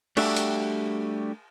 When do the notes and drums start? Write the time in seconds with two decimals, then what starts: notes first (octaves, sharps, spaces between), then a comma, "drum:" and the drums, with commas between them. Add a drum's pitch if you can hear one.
0.17 G3 A3 D4 F#4 G4 E5, drum: cymbal
0.37 drum: hi-hat